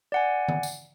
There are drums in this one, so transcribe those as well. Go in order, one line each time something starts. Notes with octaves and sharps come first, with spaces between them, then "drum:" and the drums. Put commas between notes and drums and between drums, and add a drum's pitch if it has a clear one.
D5 F#5 G#5
drum: tom D#3
drum: tambourine